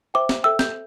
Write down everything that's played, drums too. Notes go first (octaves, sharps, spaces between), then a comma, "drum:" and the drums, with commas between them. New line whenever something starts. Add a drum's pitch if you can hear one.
C5 E5 G5 D6
drum: snare
A4 E5 G5 E6
G6, drum: snare